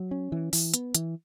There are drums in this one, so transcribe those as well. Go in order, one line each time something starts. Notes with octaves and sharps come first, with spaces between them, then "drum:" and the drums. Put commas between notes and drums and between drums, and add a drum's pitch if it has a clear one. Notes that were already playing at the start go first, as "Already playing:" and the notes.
Already playing: F#3
C#4
E3
E3, drum: open hi-hat
B3, drum: hi-hat
E3, drum: hi-hat